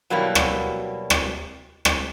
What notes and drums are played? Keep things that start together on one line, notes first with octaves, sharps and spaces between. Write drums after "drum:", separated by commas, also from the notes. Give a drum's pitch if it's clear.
B2 F#3 G3 A#3 E4
drum: rim click
drum: rim click
drum: rim click